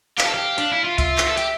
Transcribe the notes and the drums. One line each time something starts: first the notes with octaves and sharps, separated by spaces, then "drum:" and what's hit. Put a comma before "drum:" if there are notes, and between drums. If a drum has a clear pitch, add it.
G4 F5, drum: clap
A4
G4
D4, drum: hi-hat
E4
F4
F4 E5, drum: kick C2, hi-hat
drum: clap
A4
G4, drum: hi-hat